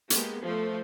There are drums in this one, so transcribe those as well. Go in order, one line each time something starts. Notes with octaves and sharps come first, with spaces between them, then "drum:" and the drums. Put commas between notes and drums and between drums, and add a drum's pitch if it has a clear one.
G#3 A#3 B3 G4, drum: hi-hat
F3 A3 C5